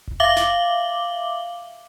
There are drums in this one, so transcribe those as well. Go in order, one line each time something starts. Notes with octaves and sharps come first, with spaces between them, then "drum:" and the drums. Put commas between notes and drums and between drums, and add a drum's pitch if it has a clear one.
drum: kick F1
E5 F5 D6 F#7 G7
drum: snare